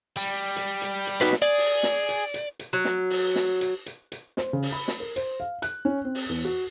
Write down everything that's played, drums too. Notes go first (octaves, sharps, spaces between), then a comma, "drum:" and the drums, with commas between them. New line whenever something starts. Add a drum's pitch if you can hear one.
G3
drum: hi-hat
drum: hi-hat
drum: hi-hat
D#4 F#4 B4
drum: snare
G#4 D5
drum: open hi-hat
drum: snare
drum: hi-hat
drum: hi-hat
drum: hi-hat
F#3
drum: snare
drum: open hi-hat
drum: snare
drum: hi-hat
drum: hi-hat
drum: hi-hat
C5, drum: snare
C#3
drum: open hi-hat
B5
drum: snare
A#4
C5, drum: hi-hat
F5
F#6, drum: hi-hat
C#4
C4
drum: open hi-hat
E2
F#4